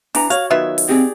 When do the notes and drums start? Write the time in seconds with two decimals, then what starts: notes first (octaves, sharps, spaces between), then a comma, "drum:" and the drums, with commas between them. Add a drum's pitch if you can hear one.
0.15 E3 D4 A#5, drum: open hi-hat
0.30 F#4 C#5 F5, drum: hi-hat
0.50 D#3 F#3 B3 F4 E5
0.78 drum: open hi-hat
0.89 C4 G4 G#4 D5